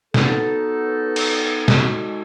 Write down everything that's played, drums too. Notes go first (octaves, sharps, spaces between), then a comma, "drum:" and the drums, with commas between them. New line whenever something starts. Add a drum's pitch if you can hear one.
F#3 B3 D#4 A4, drum: snare
drum: cymbal
G#3 D#4 F#4 A4, drum: snare